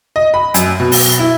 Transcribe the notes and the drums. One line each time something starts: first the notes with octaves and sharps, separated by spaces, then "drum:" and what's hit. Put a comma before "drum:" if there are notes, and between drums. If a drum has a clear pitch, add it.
D#5
B5
F#2, drum: hi-hat
B2
drum: open hi-hat
E4